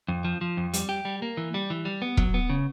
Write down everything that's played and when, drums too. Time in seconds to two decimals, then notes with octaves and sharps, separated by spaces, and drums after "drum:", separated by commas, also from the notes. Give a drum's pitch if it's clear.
0.08 F2
0.25 F3
0.41 F3
0.57 F2
0.73 G3, drum: hi-hat
0.89 G4
1.05 G3
1.22 A#3
1.37 E3
1.54 G3
1.70 E3
1.85 G3
2.02 B3
2.17 F#3, drum: kick E1
2.34 B3
2.49 C#3